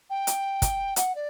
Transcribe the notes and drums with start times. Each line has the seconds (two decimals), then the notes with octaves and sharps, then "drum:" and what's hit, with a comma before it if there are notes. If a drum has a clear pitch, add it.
0.10 G5
0.27 drum: hi-hat
0.62 drum: kick, hi-hat
0.96 F#5, drum: hi-hat
1.15 D5